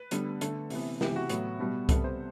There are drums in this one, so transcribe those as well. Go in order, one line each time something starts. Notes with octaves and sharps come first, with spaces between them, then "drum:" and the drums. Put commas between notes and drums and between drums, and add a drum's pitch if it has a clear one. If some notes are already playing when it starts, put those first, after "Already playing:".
Already playing: B4
D3 G3 B3, drum: hi-hat
D3 A3 A4, drum: hi-hat
C3 E3 B3, drum: open hi-hat
C3 E3 B3 G4, drum: snare
F#4
A2 F#3 B3, drum: hi-hat
B2 G3 B3
C3 G3 B3 A4, drum: kick C2, hi-hat
C5